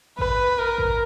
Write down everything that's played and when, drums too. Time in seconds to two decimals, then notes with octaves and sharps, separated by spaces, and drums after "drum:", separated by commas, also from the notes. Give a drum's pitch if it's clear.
0.19 B4, drum: kick A1
0.59 A#4
0.78 drum: kick A1